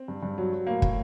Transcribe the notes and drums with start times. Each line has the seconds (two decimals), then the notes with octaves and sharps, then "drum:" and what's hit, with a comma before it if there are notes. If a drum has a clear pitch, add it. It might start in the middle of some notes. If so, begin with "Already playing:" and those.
Already playing: C4
0.08 G2
0.23 G2
0.38 F#3
0.53 F#3
0.67 A2 A#3
0.82 A2, drum: kick